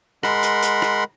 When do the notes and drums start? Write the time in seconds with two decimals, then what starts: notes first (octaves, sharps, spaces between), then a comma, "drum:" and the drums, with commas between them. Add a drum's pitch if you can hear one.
0.23 G#3 A#4 F#5 B5 C6, drum: rim click
0.43 drum: hi-hat
0.63 drum: hi-hat
0.82 drum: rim click